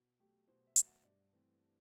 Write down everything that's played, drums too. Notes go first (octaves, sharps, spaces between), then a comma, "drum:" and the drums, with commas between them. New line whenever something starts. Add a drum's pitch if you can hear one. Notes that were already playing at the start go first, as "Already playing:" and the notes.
Already playing: B2
F#3 A3 G4
B2 C5
E5
F#3 A3, drum: hi-hat
F#5
G2 D5
E3 A3 C4